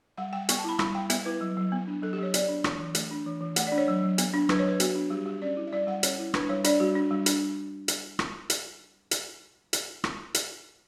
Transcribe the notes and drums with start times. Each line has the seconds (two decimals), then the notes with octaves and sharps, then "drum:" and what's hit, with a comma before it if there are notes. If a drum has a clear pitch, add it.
0.18 G3 F#5
0.33 G3 G5
0.49 B3 C#6, drum: hi-hat
0.54 G5
0.59 A5
0.64 E4 B5
0.79 G3 B5, drum: rim click
0.95 G3 G5
1.10 B3 E5, drum: hi-hat
1.26 E4 B4
1.41 F#3
1.57 F#3
1.72 B3
1.87 D4
2.02 F#3 A4
2.13 G4
2.18 F#3 C#5
2.34 B3 D5, drum: hi-hat
2.49 D4
2.64 E3, drum: rim click
2.80 E3
2.95 A3, drum: hi-hat
3.11 D4
3.27 E3
3.41 E3
3.56 A3 F#5, drum: hi-hat
3.67 D5
3.72 D4
3.78 C#5
3.88 F#3
4.03 F#3
4.18 B3, drum: hi-hat
4.34 D4
4.49 F#3 B4, drum: rim click
4.59 C#5
4.65 F#3 B4
4.80 B3 F#4, drum: hi-hat
4.95 D4
5.10 G3 G4
5.26 G3 G4
5.42 C#4 D5
5.57 E4
5.67 E5
5.73 G3 D5
5.87 G3 F#5
6.03 C#4 C#5, drum: hi-hat
6.19 E4
6.34 D4 B4, drum: rim click
6.49 G3 C#5
6.64 D4 D5, drum: hi-hat
6.80 G3 F#4
6.95 D4
7.11 G3
7.26 D4, drum: hi-hat
7.88 drum: hi-hat
8.19 drum: rim click
8.50 drum: hi-hat
9.11 drum: hi-hat
9.73 drum: hi-hat
10.04 drum: rim click
10.34 drum: hi-hat